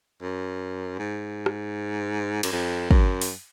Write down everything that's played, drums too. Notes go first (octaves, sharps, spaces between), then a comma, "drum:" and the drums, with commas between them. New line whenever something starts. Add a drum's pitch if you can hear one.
F#2
G#2
drum: rim click
F#2, drum: cymbal
F2
F#2, drum: kick
drum: open hi-hat